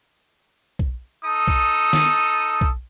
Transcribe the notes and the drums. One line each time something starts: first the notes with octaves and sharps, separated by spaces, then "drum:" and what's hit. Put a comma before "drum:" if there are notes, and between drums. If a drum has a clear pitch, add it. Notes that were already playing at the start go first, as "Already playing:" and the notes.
drum: kick
D#4 A4 D#6
drum: kick
drum: snare
drum: kick